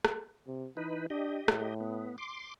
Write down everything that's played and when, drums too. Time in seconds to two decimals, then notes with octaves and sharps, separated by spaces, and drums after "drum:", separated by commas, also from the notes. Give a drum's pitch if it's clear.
0.05 drum: rim click
0.47 C3
0.77 E3 D#4 B4
1.10 D4 G4 D#5
1.48 A2, drum: rim click
1.81 B3
2.18 C6 D6